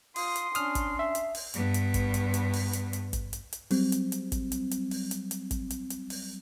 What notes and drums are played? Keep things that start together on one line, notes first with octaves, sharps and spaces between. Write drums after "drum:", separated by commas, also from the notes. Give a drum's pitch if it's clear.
F4 C6 D#6, drum: open hi-hat
drum: hi-hat
C#4 D4 D#6 F6, drum: hi-hat
drum: kick, hi-hat
E5
drum: hi-hat
drum: open hi-hat
G2 B3, drum: hi-hat
drum: hi-hat
drum: kick, hi-hat
drum: hi-hat
drum: hi-hat
drum: open hi-hat
drum: hi-hat
drum: hi-hat
drum: kick, hi-hat
drum: hi-hat
drum: hi-hat
F#3 G3 C4, drum: open hi-hat
drum: hi-hat
drum: hi-hat
drum: kick, hi-hat
drum: hi-hat
drum: hi-hat
drum: open hi-hat
drum: hi-hat
drum: hi-hat
drum: kick, hi-hat
drum: hi-hat
drum: hi-hat
drum: open hi-hat